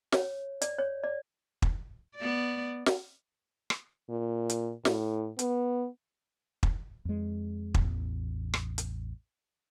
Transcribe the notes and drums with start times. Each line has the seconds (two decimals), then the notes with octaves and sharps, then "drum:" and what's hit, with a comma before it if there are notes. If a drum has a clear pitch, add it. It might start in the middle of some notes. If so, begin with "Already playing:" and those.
0.12 C#5, drum: snare
0.62 D5, drum: hi-hat
0.79 C#5
1.03 D5
1.62 drum: kick
2.16 B3 D5
2.86 drum: snare
3.70 drum: rim click
4.10 A#2
4.50 drum: hi-hat
4.85 A2, drum: snare
5.39 B3, drum: hi-hat
6.63 drum: kick
7.05 F2 G#3
7.74 A1 E2, drum: kick
8.54 drum: rim click
8.78 drum: hi-hat